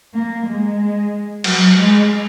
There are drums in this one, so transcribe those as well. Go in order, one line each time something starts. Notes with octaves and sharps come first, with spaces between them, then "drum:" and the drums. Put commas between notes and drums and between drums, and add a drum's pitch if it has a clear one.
A#3
G#3
F#3, drum: cymbal
G#3